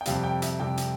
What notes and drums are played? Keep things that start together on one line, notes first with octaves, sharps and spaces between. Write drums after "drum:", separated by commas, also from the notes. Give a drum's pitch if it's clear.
G5
F2 C3 G3 F5, drum: hi-hat
G5
E5, drum: hi-hat
F2 C3 G3 G5
drum: hi-hat